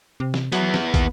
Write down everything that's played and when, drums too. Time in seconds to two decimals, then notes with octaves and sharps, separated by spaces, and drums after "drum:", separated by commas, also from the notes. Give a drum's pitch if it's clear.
0.20 C3
0.34 drum: snare
0.52 F#3 B3 E4, drum: hi-hat
0.74 drum: snare
0.94 D#2, drum: kick, hi-hat